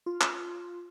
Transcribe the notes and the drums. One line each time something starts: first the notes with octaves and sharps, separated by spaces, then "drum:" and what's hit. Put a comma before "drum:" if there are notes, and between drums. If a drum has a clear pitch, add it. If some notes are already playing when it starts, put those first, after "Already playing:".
F4
drum: clap